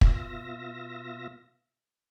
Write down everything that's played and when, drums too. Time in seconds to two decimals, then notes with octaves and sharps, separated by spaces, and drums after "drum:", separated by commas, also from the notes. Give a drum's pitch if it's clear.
0.01 B2 F4 E5 A#6, drum: kick